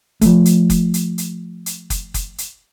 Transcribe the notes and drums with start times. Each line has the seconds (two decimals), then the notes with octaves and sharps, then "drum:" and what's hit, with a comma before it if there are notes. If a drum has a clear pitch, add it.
0.21 F3 A3, drum: kick F#1, hi-hat
0.46 drum: hi-hat
0.70 drum: kick F#1, hi-hat
0.94 drum: hi-hat
1.18 drum: hi-hat
1.66 drum: hi-hat
1.90 drum: kick F#1, hi-hat
2.14 drum: kick F#1, hi-hat
2.38 drum: hi-hat